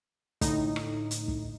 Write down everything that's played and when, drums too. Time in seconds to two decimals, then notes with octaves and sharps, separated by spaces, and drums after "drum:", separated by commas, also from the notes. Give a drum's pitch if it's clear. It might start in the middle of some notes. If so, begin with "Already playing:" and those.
0.41 A2 D3 D#4, drum: kick, hi-hat
0.76 drum: rim click
1.11 drum: hi-hat
1.28 drum: kick